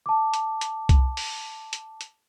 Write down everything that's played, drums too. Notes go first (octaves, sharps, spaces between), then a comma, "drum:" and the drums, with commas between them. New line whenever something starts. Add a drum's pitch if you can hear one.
A5 D6
drum: hi-hat
drum: hi-hat
drum: kick C2, hi-hat
drum: open hi-hat
drum: hi-hat
drum: hi-hat